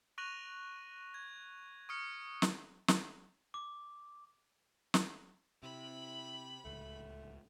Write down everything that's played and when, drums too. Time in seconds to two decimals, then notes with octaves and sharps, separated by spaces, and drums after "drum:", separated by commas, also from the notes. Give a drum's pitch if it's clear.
0.18 C#6 F#6 A#6 D#7 F7 F#7
1.14 G#6
1.89 C#6 D#6 F6 C#7
2.42 drum: snare
2.88 drum: snare
3.54 D6
4.94 drum: snare
5.63 C3 E4 B5
6.65 D1 C#2 A3